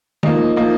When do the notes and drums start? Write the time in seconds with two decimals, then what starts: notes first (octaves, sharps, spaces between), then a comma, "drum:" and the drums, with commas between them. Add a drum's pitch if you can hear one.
0.23 F3 A#3 D#4, drum: tom
0.56 F3 A#3 D#4